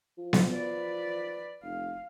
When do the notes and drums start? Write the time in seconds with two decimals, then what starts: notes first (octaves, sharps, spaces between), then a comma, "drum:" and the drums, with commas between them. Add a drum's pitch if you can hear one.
0.18 F3
0.33 drum: snare B3
0.52 B4 D5
1.63 F1 F5